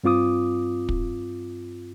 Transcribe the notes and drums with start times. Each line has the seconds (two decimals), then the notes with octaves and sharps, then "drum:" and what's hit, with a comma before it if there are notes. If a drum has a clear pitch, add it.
0.04 G2 C4 F4 D6 D#6
0.89 drum: kick